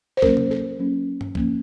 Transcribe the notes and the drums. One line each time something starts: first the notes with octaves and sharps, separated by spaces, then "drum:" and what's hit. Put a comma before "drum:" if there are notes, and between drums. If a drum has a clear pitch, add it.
C5
F#3 A#3 C#4 A#4, drum: kick B1
drum: tom C3
A4
F#3 A#3 C#4
drum: tom G2
F3 A#3 C#4, drum: kick B1